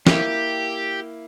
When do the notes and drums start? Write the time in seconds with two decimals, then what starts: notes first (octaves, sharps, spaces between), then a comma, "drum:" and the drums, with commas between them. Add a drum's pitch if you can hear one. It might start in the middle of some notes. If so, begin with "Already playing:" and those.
0.07 A#3 E4 G4, drum: snare